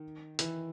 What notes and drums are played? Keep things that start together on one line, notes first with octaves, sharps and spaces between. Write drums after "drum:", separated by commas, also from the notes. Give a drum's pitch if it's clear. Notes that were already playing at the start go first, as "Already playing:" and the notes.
Already playing: D#3
E3, drum: hi-hat